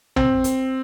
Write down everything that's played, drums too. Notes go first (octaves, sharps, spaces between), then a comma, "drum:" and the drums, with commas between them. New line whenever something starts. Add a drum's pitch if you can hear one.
C4, drum: tom
drum: hi-hat